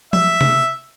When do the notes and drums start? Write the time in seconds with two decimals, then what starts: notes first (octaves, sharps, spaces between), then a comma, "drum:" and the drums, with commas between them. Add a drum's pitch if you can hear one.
0.13 E5, drum: tom F3
0.41 drum: tom